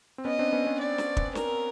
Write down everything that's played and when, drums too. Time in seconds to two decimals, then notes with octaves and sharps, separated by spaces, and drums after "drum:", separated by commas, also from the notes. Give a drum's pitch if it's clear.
0.18 C4
0.25 B3 C#4 D#5
0.39 C4 D4
0.52 B3 C#4
0.66 B3 C#4
0.80 D5
0.98 drum: snare
1.17 drum: kick
1.35 A#4, drum: snare